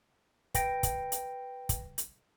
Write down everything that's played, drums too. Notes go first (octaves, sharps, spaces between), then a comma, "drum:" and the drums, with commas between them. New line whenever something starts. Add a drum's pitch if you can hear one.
B4 G5 A#6 D7, drum: kick, hi-hat
drum: kick, hi-hat
drum: hi-hat
drum: kick, hi-hat
drum: hi-hat